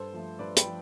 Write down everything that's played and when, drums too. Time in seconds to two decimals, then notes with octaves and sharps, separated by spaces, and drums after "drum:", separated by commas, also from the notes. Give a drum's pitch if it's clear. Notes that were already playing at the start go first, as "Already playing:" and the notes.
Already playing: G2 A4 C5
0.13 F3 A3
0.39 G2 B4 D5
0.57 G5 B5, drum: hi-hat
0.65 F3